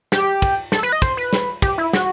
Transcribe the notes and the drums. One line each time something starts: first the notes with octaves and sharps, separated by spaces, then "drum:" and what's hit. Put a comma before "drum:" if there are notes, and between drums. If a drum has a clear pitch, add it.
G4, drum: snare
drum: kick, cymbal
A4, drum: snare
B4
D#5
C5, drum: kick, cymbal
B4
drum: snare
G4, drum: kick, cymbal
E4
F#4, drum: snare